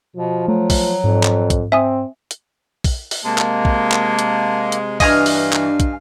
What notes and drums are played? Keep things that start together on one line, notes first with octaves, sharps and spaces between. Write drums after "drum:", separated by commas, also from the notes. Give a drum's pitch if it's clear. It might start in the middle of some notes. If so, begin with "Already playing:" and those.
B2 F3
F#3 A3
drum: kick, open hi-hat
F2 G#2
drum: clap
drum: kick, hi-hat
C4 E5 G#5 D#6
drum: hi-hat
drum: kick, open hi-hat
drum: open hi-hat
C3 G#3 A#3 A5
drum: clap
drum: kick
drum: clap
drum: hi-hat
drum: hi-hat
G2 E3 D4 D#5 F5 G#5 F6, drum: kick, open hi-hat
drum: open hi-hat
drum: clap
drum: kick, hi-hat